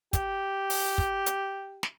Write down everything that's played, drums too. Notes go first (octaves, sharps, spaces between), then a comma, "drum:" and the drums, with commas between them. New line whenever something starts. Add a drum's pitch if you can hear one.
G4, drum: kick, hi-hat
drum: open hi-hat
drum: kick
drum: hi-hat
drum: snare